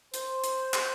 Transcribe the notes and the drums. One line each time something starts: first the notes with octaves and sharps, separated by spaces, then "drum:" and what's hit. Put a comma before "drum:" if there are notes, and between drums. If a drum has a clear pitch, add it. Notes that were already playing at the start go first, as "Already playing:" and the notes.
C5, drum: hi-hat
drum: hi-hat
drum: clap